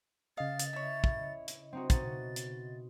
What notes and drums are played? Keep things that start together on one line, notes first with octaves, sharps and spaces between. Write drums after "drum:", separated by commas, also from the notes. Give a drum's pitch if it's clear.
C#3 D#5 F5 A6
drum: hi-hat
E4 C#5
drum: kick
drum: hi-hat
C4 D#4 F#4
B2 D#4 F#4 A6, drum: kick, hi-hat
drum: hi-hat